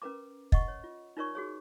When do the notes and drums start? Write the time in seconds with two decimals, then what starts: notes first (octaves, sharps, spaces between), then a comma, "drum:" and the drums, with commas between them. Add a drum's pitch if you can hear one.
0.02 C#4 A#4 B4 A#5 D6
0.52 D#5 F#5 C#6, drum: kick
0.68 C#5
0.84 F4
1.17 D#4 F4 A#4 C#5 D5 C#6
1.35 F#4 G#4 C#5